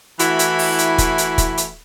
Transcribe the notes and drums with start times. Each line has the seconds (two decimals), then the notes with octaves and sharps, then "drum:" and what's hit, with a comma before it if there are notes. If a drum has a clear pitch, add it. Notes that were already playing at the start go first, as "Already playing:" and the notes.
0.19 E3 A3 E4 F#4 B5, drum: hi-hat
0.39 drum: hi-hat
0.59 drum: open hi-hat
0.79 drum: hi-hat
0.98 drum: kick, hi-hat
1.18 drum: hi-hat
1.38 drum: kick, hi-hat
1.58 drum: hi-hat